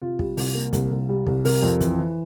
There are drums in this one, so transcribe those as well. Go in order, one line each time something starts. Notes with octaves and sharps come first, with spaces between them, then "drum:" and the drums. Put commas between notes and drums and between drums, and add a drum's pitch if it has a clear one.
C3 F4
G3, drum: kick
C2, drum: open hi-hat
A#3
C2, drum: kick, hi-hat
C2
G3
C2, drum: kick
C3 A#4, drum: open hi-hat
F2
E3, drum: kick, hi-hat
E3